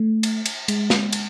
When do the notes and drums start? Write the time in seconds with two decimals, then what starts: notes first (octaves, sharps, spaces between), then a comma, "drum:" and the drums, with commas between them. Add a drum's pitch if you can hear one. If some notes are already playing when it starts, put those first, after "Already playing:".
Already playing: A3
0.23 drum: cymbal
0.46 drum: cymbal
0.68 G#3, drum: cymbal
0.90 drum: snare
1.12 drum: cymbal